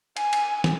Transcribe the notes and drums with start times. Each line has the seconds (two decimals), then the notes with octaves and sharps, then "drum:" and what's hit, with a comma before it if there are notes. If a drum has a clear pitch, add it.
0.17 G#5, drum: cymbal
0.33 drum: cymbal
0.64 drum: snare